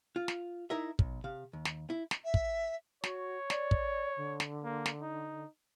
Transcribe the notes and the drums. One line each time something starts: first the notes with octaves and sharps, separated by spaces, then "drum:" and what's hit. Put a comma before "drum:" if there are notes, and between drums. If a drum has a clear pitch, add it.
F4
drum: snare
D#4 E4 A#4 E5
B1, drum: kick
C3 F5
D#2
drum: snare
E4
drum: snare
E5
drum: kick
F#4 C#5, drum: snare
D5, drum: snare
drum: kick
D3
drum: snare
A#3
drum: snare
D#4